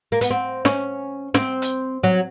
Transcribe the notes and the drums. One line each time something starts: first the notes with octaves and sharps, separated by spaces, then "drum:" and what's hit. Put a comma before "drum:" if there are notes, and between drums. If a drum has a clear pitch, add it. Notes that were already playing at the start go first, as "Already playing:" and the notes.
A#3
B3, drum: hi-hat
C4
C#4, drum: snare
C4, drum: snare
drum: hi-hat
F#3